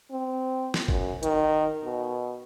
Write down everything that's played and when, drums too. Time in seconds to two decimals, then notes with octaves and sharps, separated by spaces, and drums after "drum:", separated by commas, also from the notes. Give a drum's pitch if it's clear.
0.11 C4
0.74 drum: snare
0.88 F#2, drum: kick
1.23 D#3, drum: hi-hat
1.84 B2